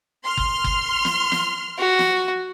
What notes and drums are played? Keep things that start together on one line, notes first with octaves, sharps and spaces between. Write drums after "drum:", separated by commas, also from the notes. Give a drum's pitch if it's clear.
C6 F6
drum: kick
drum: kick
drum: snare
drum: snare
F#4
drum: snare